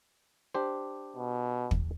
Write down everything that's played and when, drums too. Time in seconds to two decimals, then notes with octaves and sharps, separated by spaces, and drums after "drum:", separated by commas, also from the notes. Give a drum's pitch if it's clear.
0.54 D4 G4 C5
1.16 B2
1.71 drum: kick